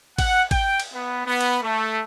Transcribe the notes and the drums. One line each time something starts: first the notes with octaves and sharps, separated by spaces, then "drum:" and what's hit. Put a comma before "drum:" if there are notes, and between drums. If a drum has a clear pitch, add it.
F#5, drum: kick G#1, cymbal
G5, drum: kick G#1, cymbal
drum: cymbal
B3
B3
drum: cymbal
A3